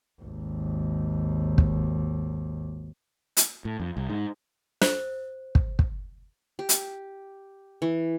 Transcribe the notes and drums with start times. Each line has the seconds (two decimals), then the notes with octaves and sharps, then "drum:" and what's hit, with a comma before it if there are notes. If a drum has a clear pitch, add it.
0.22 G#1 D#2
1.58 drum: kick
3.37 drum: hi-hat
3.65 A2
3.80 F2
3.97 C2
4.10 G#2
4.82 C5, drum: snare
5.55 drum: kick
5.79 drum: kick
6.59 G4
6.69 drum: hi-hat
7.82 E3